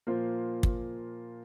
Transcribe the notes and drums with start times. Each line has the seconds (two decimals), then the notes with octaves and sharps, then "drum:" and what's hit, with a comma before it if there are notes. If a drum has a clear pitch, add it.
0.07 A#2 F3 A#3 F4 C5
0.63 drum: kick